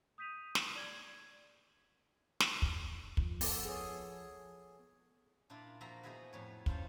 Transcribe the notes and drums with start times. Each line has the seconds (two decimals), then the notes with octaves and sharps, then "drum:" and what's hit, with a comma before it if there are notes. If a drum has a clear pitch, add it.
0.18 D#6 G6 B6 D#7 F7
0.55 drum: snare
0.76 D5 G#6 F#7
2.40 drum: snare
2.62 drum: kick
3.17 F3, drum: kick
3.41 B3 A4, drum: open hi-hat
3.65 G#4 C#5
5.50 A#2 D4 E4 F4
5.81 F3 A#3 F#4 E5 A#5
6.03 B3 D#4 E4 F#4 G#4 B4
6.33 F2 A2 C#5
6.66 C#4 F4 A4 C5 C#5 F5, drum: kick